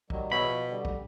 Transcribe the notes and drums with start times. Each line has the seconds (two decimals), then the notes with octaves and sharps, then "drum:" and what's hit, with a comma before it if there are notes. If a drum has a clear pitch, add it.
0.10 D#3 F#3 G3, drum: kick
0.32 E2 B2 C#5 E5 B5
0.45 F3
0.69 D3 G3
0.85 drum: kick